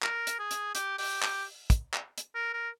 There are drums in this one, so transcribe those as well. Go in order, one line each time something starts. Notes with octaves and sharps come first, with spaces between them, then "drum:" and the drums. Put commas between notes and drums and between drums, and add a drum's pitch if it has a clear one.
A#4, drum: clap
drum: hi-hat
G#4
drum: hi-hat
G4, drum: hi-hat
G4, drum: open hi-hat
G4, drum: clap
drum: kick, hi-hat
drum: clap
drum: hi-hat
A#4
A#4